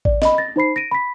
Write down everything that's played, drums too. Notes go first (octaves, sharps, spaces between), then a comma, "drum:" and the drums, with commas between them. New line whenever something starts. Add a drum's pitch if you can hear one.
D5, drum: kick A1
D#5 B5, drum: snare
A6 A#6
D#4 C5 B5 C7
A#6 D7 D#7
B5 B6